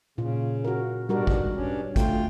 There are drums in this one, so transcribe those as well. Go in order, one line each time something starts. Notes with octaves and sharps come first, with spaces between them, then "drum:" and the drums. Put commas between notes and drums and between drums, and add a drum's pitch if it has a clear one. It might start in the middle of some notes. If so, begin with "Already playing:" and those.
A#2 C#3 F4
F#4 A#4
G#2 B2 G3 D4 F#4 A#4
drum: kick
G2 C#4 D4
D2 A3 F4 G5, drum: kick, hi-hat